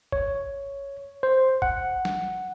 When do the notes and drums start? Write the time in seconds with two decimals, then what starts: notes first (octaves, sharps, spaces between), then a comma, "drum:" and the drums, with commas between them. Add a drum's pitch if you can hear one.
0.12 C#5, drum: kick A1
1.23 C5
1.62 F#5, drum: kick A1
2.05 drum: snare